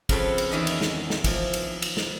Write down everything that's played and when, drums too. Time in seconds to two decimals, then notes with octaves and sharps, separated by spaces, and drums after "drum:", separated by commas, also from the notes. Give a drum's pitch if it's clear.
0.09 C#3 F3 C4 A4 B4 C#5, drum: kick, cymbal
0.38 drum: cymbal
0.51 E2 D#3 E3 C#4 D#5
0.67 drum: cymbal
0.81 drum: snare
1.10 drum: snare
1.24 E3 F3, drum: kick, cymbal
1.54 drum: cymbal
1.82 drum: cymbal
1.97 drum: snare